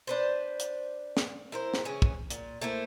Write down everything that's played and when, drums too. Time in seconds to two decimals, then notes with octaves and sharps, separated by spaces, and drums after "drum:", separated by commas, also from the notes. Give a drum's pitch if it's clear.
0.07 D4 B4 C5
0.60 drum: hi-hat
1.17 drum: snare
1.52 E4 A#4 C5
1.74 drum: snare
1.85 C#3 E3 C#4
2.02 drum: kick
2.30 A#2, drum: hi-hat
2.61 A3 A#3 E4 C5